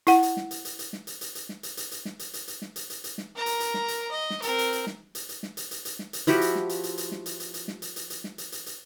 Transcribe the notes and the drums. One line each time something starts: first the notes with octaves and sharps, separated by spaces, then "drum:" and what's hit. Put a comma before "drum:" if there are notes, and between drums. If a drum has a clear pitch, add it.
E4 F#5, drum: hi-hat
drum: hi-hat
drum: snare
drum: hi-hat
drum: hi-hat
drum: hi-hat
drum: snare
drum: hi-hat
drum: hi-hat
drum: hi-hat
drum: snare
drum: hi-hat
drum: hi-hat
drum: hi-hat
drum: snare
drum: hi-hat
drum: hi-hat
drum: hi-hat
drum: snare
drum: hi-hat
drum: hi-hat
drum: hi-hat
drum: snare
A#4 A#5
drum: hi-hat
drum: hi-hat
drum: snare
drum: hi-hat
D#5
drum: snare
C4 A#4, drum: hi-hat
drum: hi-hat
drum: hi-hat
drum: snare
drum: hi-hat
drum: hi-hat
drum: snare
drum: hi-hat
drum: hi-hat
drum: hi-hat
drum: snare
drum: hi-hat
F3 E4 F#4 G4, drum: hi-hat
drum: hi-hat
drum: snare
drum: hi-hat
drum: hi-hat
drum: hi-hat
drum: snare
drum: hi-hat
drum: hi-hat
drum: hi-hat
drum: snare
drum: hi-hat
drum: hi-hat
drum: hi-hat
drum: snare
drum: hi-hat
drum: hi-hat
drum: hi-hat